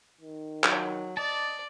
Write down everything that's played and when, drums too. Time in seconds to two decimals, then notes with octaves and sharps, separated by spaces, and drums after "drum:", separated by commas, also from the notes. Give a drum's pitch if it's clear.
0.21 D#3
0.64 F#3, drum: clap
1.17 D5 D#5 A5